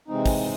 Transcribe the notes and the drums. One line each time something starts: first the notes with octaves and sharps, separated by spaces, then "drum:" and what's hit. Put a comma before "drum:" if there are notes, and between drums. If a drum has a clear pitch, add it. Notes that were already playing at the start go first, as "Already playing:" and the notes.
C3 E3 G#3 C4 D#4
drum: kick, open hi-hat